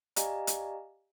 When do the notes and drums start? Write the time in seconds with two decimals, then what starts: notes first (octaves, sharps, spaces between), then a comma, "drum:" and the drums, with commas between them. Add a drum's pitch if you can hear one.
0.16 G4 D5 D#5 F5 G#5 A#5, drum: hi-hat
0.47 drum: hi-hat